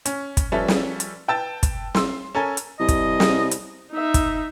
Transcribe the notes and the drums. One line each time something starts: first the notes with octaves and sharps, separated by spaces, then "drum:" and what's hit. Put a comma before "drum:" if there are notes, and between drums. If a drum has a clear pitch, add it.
C#4, drum: hi-hat
drum: kick, hi-hat
F3 G3 C#4 A4 B4 E5
drum: snare
drum: hi-hat
B4 G5 A5 E6 A6
drum: kick, hi-hat
C6 E6, drum: snare
C#4 A4 A#4 G#5
drum: hi-hat
C2 D#5
drum: kick, hi-hat
drum: snare
drum: hi-hat
D#4 E5
drum: kick, hi-hat